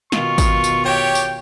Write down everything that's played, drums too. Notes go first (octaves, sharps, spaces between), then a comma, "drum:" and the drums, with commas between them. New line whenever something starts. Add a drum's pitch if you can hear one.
B2 D#3 F4 C#6, drum: snare
drum: kick, tambourine
drum: tambourine
G4 C#5 G5
drum: tambourine